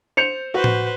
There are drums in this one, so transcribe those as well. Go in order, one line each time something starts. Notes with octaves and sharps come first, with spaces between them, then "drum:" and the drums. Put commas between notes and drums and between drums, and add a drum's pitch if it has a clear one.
C5 G6 C#7 F7
F#4 B4 C5
drum: tom A2